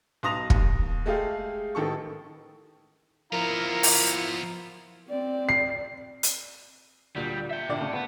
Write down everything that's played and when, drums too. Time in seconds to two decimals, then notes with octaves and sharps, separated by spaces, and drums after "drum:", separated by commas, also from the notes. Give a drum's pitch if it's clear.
0.23 B1 C6 D#6 A#6 F7
0.50 D#2, drum: kick
1.06 G#3 A3 G4 G#4 F5
1.75 A1 D#3 A4 C#6
3.33 F3 B3 E4 F4 A#4 F5 A#5
3.83 drum: open hi-hat
5.08 C4 D5
5.49 C7
6.23 drum: hi-hat
7.16 D2 A#2 G3
7.51 E5 G5
7.69 A#1 D3 D5
7.80 C#3 A3
7.94 B3